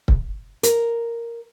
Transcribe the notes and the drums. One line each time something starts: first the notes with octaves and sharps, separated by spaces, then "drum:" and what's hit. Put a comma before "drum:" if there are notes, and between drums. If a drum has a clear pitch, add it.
drum: kick C#1
A#4, drum: hi-hat